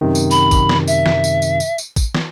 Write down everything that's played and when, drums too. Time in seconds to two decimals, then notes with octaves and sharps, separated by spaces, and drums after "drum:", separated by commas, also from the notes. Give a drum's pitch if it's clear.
0.01 F#2 C3 D#3
0.15 drum: tambourine
0.31 B5, drum: tambourine
0.51 drum: kick, tambourine
0.69 drum: snare
0.88 E5, drum: tambourine
1.06 drum: snare
1.24 drum: tambourine
1.42 drum: tambourine
1.60 drum: tambourine
1.78 drum: tambourine
1.96 drum: kick, tambourine
2.15 drum: snare